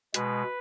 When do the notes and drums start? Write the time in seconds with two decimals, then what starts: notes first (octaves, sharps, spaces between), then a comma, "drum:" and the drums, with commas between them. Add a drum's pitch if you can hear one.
0.14 B2 G#3 B4, drum: hi-hat